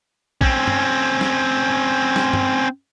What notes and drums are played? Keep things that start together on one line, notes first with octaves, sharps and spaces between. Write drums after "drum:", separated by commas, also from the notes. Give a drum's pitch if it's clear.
C4 C#4, drum: kick
drum: tom G2
drum: snare
drum: snare
drum: tom G2